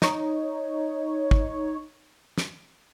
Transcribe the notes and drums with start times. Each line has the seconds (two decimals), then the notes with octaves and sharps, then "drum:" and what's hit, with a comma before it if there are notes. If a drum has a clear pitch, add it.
0.02 D#4 C#5, drum: snare
1.31 drum: kick
2.38 drum: snare